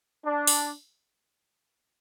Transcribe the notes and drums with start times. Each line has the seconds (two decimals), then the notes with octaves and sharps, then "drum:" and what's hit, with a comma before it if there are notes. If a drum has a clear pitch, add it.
0.25 D4
0.47 drum: open hi-hat